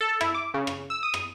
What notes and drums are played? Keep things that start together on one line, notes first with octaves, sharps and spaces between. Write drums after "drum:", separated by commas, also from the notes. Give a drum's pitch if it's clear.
A4
E4, drum: rim click
D6
C#3
drum: rim click
E6
D#6
drum: rim click